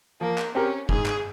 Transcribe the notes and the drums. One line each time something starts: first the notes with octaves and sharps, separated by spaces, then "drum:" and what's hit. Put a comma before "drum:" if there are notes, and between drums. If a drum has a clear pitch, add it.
F3 A#3
drum: clap
C4 C#4 G4 A#4
G#2 G#4, drum: kick
drum: clap